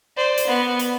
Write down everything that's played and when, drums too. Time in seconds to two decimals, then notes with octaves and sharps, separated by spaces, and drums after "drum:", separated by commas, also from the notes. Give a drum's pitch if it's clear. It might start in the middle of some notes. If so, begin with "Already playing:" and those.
0.17 C5 D5
0.38 drum: hi-hat
0.47 B3
0.79 drum: hi-hat